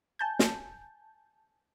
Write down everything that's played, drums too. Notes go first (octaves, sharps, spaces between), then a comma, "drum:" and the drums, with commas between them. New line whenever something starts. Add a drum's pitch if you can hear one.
G#5 A5 G6
drum: snare